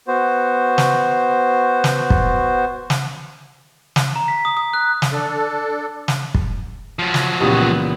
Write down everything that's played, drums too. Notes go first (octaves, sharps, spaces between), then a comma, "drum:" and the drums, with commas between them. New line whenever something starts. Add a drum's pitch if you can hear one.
B3 F#4 C5
drum: snare
drum: snare
drum: kick
drum: snare
drum: snare
A#5
B6
D#6
D#6
F#6
drum: snare
D4 A4
drum: snare
drum: kick
F3 F#3
drum: snare
C#2 A#2 E3 B3 C#4 G4 D#6